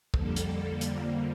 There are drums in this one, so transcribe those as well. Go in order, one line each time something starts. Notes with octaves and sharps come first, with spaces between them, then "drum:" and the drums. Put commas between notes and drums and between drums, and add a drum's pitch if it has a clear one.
F2 D3 G3 A#3 A4, drum: kick
drum: hi-hat
drum: hi-hat